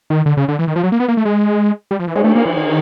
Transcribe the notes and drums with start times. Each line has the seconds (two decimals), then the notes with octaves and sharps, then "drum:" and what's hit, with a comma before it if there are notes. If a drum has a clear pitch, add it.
0.10 D#3
0.26 D3
0.37 C#3
0.48 D3
0.59 E3
0.68 D#3
0.76 F3
0.83 F#3
0.92 A#3
1.00 B3
1.08 A#3
1.17 A3
1.25 G#3
1.91 G3
2.00 F3
2.08 E3
2.15 G#3, drum: cymbal
2.24 A3
2.35 A#3
2.46 E3
2.57 D#3